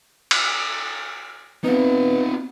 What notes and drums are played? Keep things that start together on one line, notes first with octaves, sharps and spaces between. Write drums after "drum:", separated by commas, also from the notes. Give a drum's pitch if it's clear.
drum: cymbal
B3 C4 D#4 F4 B4